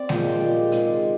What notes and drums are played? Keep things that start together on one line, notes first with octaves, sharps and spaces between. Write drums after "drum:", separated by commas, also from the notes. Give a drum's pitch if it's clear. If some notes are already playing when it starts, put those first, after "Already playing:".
Already playing: C4 D5
A#2 F3 G#3 G5, drum: snare G#3
A#2 G#3 G4
C3 D#3 G#3, drum: hi-hat